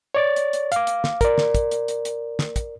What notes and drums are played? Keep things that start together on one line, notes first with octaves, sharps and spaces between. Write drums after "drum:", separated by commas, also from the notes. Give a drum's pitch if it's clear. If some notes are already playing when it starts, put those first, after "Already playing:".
C#5 D5 A6
drum: hi-hat
drum: hi-hat
F5 D6, drum: hi-hat
drum: hi-hat
drum: snare
A#4 D5, drum: kick, hi-hat
drum: snare
drum: kick, hi-hat
drum: hi-hat
drum: hi-hat
drum: hi-hat
drum: snare
drum: kick, hi-hat